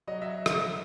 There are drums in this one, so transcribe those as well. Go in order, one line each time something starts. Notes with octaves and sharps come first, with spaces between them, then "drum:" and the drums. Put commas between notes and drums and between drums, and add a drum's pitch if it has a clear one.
F#3 D#5
F#3 E5
drum: rim click